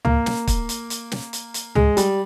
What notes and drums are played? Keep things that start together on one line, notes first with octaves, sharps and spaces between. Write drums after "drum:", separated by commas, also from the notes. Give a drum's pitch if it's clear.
A#3, drum: tom C#2
drum: snare
drum: kick, hi-hat
drum: hi-hat
drum: hi-hat
drum: snare
drum: hi-hat
drum: hi-hat
G#3, drum: tom C#2
G3, drum: hi-hat